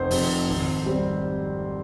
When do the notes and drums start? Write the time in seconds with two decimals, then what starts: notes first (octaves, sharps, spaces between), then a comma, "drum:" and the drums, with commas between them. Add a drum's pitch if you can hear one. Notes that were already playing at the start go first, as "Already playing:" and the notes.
Already playing: F1 C5
0.11 F2 C3, drum: open hi-hat
0.48 G#1
0.86 G3 C4